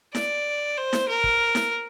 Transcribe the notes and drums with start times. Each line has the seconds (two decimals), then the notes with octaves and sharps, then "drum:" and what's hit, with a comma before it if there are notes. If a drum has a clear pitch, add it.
0.15 D5, drum: snare E4
0.78 C5
0.93 drum: snare E4
1.08 A#4
1.24 drum: kick
1.55 drum: snare E4